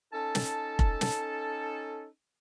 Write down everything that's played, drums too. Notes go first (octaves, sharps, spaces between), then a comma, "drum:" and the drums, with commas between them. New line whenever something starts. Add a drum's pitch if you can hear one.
C#4 D#4 A4 A5
drum: snare
drum: kick F1
drum: snare